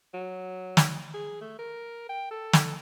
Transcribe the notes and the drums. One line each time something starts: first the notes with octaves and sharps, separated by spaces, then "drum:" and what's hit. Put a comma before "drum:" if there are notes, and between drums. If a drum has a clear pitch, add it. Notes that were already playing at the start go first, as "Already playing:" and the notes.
F#3
drum: snare
G#4
A3
A#4
G5
A4
drum: snare